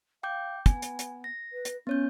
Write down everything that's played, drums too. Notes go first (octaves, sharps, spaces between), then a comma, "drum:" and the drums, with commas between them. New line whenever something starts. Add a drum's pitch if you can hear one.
F5 G5 D6 G6
B3 G#5, drum: kick, hi-hat
drum: hi-hat
drum: hi-hat
A#6
B4
drum: hi-hat
B3 C#4 C#5 G6